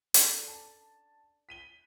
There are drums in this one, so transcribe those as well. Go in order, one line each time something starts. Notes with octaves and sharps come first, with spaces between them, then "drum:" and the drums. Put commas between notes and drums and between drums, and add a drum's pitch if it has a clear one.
D4 A4 A#5, drum: hi-hat
A5
B6 D#7 G7